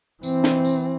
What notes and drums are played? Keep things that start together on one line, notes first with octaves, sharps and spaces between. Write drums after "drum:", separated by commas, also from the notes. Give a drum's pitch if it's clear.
E3 C4, drum: tambourine
drum: snare
drum: tambourine